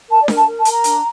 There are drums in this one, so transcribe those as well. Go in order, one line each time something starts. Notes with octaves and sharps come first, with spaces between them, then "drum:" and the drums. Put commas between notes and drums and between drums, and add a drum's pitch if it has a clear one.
A#4 A5
D5
A#4, drum: snare D4
A5
A#4
A5
A#4, drum: hi-hat
A#5
D4, drum: hi-hat